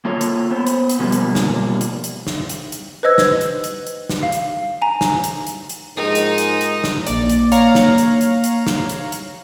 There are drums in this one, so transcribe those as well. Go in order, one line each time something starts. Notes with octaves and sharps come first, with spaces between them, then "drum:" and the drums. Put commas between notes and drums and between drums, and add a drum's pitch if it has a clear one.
A#3 F4 A4 C#5
drum: hi-hat
B3 C5
drum: hi-hat
drum: hi-hat
B2 F3 G3 A#3 B3
drum: hi-hat
drum: snare
drum: hi-hat
drum: hi-hat
drum: snare
drum: hi-hat
drum: hi-hat
B4 C5 D#5 E6 G#6
drum: snare
drum: hi-hat
drum: hi-hat
drum: hi-hat
drum: snare
F5
drum: hi-hat
G#5 A#5
drum: snare
drum: hi-hat
drum: hi-hat
drum: hi-hat
G#2 F3 G#3 A#3 D#4 G4 A#4
drum: hi-hat
drum: hi-hat
drum: hi-hat
drum: snare
A#1 A#3 D5, drum: hi-hat
drum: hi-hat
C#5 F5 A#5, drum: hi-hat
drum: snare
drum: hi-hat
drum: hi-hat
drum: hi-hat
drum: snare
drum: hi-hat
drum: hi-hat